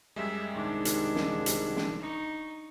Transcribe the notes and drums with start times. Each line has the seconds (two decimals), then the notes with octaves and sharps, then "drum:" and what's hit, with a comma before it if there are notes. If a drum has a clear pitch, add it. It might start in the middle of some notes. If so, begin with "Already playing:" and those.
0.16 F#2 G3 G#3 E5
0.55 C2 G#2 D#3 D4
0.85 drum: hi-hat
1.16 drum: snare
1.46 drum: hi-hat
1.77 drum: snare
2.00 D#4 C#6